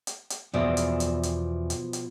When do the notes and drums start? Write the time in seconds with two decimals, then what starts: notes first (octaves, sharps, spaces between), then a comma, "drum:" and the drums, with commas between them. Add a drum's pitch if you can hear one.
0.07 drum: hi-hat
0.30 drum: hi-hat
0.54 E2 B2 F3 D5 E5
0.77 drum: hi-hat
1.00 drum: hi-hat
1.23 drum: hi-hat
1.70 drum: hi-hat
1.93 drum: hi-hat